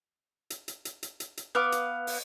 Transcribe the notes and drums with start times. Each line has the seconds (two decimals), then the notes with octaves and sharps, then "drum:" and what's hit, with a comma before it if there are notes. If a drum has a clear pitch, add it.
0.50 drum: hi-hat
0.68 drum: hi-hat
0.85 drum: hi-hat
1.03 drum: hi-hat
1.20 drum: hi-hat
1.37 drum: hi-hat
1.55 B3 F5 D6
1.72 drum: hi-hat
2.07 drum: open hi-hat